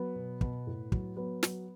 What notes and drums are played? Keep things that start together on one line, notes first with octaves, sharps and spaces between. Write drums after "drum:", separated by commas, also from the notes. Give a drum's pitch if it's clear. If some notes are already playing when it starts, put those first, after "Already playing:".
Already playing: F#3 B3
B2
B2, drum: kick
A2
F#3, drum: kick
F#3 B3
F#3, drum: snare